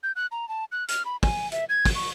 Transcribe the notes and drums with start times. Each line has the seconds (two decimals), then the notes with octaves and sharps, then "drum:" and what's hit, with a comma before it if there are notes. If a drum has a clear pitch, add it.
0.03 G6
0.16 F#6
0.32 A#5
0.49 A5
0.72 F#6
0.88 F6, drum: hi-hat
1.05 B5
1.23 G#5, drum: kick, open hi-hat
1.52 E5, drum: hi-hat
1.69 G#6
1.86 drum: kick, open hi-hat
1.95 C#6